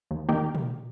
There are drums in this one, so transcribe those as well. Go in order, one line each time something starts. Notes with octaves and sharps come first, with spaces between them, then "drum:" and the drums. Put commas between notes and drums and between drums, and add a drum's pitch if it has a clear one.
D#2
D#3 A#3 D#4 G4
drum: tom